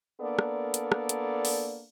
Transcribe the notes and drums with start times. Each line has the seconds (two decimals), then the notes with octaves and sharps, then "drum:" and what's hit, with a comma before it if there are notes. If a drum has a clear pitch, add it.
0.21 A#3 B3 D4 A4 A#4 D5
0.39 drum: rim click
0.74 drum: hi-hat
0.92 drum: rim click
1.09 drum: hi-hat
1.45 drum: open hi-hat